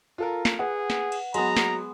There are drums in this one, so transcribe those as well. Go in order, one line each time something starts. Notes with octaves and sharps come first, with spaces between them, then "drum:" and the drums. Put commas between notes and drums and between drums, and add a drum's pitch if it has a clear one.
F4 A4 A#4
drum: snare
G#4 B4 F#5
drum: snare
drum: cymbal
F#3 G#3 B3 A#5, drum: cymbal
drum: snare